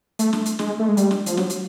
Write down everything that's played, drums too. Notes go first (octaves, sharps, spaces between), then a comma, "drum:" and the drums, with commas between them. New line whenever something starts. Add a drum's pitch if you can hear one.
A3, drum: hi-hat
drum: snare
drum: hi-hat
G#3, drum: snare
A3
G#3
G3, drum: hi-hat
drum: snare
F3, drum: hi-hat
F#3, drum: snare
drum: hi-hat